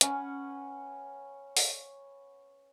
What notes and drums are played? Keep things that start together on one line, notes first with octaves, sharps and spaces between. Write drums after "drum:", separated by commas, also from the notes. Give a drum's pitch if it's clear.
C#4 B4 F#5, drum: hi-hat
drum: open hi-hat